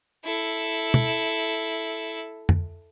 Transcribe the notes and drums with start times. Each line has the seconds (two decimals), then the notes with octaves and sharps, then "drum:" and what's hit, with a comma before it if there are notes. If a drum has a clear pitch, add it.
0.25 E4 A4
0.94 drum: tom
2.49 drum: tom F2